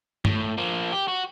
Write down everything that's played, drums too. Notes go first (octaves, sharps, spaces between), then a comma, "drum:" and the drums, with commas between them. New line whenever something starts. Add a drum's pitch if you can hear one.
A2, drum: tom G2
F3 A#3
G4
F#4